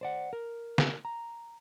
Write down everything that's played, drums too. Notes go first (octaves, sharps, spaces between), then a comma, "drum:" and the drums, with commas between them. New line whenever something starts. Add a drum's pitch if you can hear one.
C5 D5 F#5
A#4
drum: snare
A#5